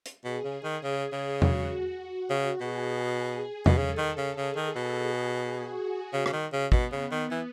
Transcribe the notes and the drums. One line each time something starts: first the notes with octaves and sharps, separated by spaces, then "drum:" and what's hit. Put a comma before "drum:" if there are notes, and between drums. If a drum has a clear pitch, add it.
drum: hi-hat
B2 G#4
C#3
D#3
C#3
C#3
F#4, drum: tom E2
C#3
B2 G#4
B2, drum: tom E2
C#3 A4
D#3
C#3
C#3 G#4
D#3
B2
F#4
C#3
C#3, drum: rim click
D#3
C#3
B2 B3, drum: kick
C#3
D#3
E3